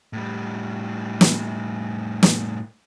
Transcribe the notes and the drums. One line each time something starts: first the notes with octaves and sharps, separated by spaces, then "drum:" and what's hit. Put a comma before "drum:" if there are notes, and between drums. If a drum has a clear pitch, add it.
A2 G3
drum: snare
drum: snare